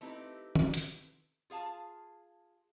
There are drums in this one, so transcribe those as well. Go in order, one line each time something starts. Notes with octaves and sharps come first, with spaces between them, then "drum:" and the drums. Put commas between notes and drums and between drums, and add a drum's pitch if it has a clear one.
A3 C4 D#4 E4 G4 B4
drum: tom D#3
drum: hi-hat
F4 G#4 F5 A5